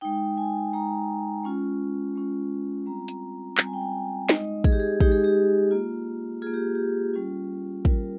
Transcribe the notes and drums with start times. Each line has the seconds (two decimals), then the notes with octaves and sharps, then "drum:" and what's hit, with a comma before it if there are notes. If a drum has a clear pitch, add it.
0.01 G#3 D#4 G5
0.37 G#5
0.73 G#3 D#4 A#5
1.44 G#3 C#4 F4
2.16 G#3 C#4 F4
2.86 G3 C4 F4 A#5
3.08 drum: hi-hat
3.58 G3 C4 F4 A#5, drum: clap
3.65 G#5
3.73 G5
3.81 G#5
4.29 G#3 D#4 D#5, drum: snare
4.64 G#4, drum: kick
4.72 G4
4.80 G#4
5.00 G#3 D#4 G4, drum: kick
5.12 G#4
5.24 G4
5.71 A#3 F4
6.42 A#3 F4 G#4
6.54 G4
6.75 G4
7.14 G3 C#4 F4
7.85 G3 C#4 F4 A#4, drum: kick